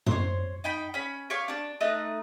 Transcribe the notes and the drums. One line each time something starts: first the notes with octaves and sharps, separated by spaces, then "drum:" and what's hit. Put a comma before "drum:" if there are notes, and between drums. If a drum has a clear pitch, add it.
C5 C#5, drum: tom F#2
D#4 G5 B5
C#4 B5
G4 C#5 F5 C#6
D4 A5
A3 D#4 D#5 F#6